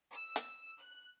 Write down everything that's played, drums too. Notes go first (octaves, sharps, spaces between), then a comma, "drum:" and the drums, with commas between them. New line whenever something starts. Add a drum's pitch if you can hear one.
E6
drum: hi-hat
F#6